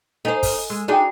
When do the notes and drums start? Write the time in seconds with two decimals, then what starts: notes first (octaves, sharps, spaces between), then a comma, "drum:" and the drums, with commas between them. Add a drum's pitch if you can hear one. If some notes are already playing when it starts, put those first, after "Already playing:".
0.25 D#4 A4 C5 D#5 G#5
0.43 drum: kick F#1, open hi-hat
0.70 G#3 E6
0.88 D4 D#4 F#4 G#4 G5